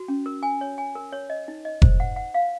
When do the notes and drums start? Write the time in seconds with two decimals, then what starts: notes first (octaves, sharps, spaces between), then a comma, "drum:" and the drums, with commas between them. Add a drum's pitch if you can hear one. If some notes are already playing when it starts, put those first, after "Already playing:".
Already playing: F#4
0.08 C#4
0.26 A#4
0.43 G#5
0.61 C#5
0.78 G#5
0.95 A#4
1.13 C#5
1.30 D#5
1.48 D#4
1.65 D#5
1.82 C5, drum: kick F1
2.00 F#5
2.16 F#5
2.34 F5